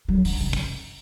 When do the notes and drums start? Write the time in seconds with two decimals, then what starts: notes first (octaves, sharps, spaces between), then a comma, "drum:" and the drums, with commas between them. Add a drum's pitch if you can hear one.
0.08 F#3
0.25 D3, drum: open hi-hat
0.41 C#3
0.53 drum: kick